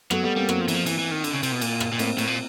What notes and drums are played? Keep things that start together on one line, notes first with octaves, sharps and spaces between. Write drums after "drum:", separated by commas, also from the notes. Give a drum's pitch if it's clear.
F#3 A3 B3, drum: rim click
G3 A3 B3
G3 A#3 C4
F#3 A#3 C4, drum: rim click
F3
E3, drum: cymbal
F3
E3, drum: cymbal
E3
D#3
D3, drum: cymbal
C#3
C3, drum: cymbal
B2
A#2, drum: cymbal
drum: rim click
A#2
A2 A#3 C4, drum: cymbal
A2, drum: cymbal
A#2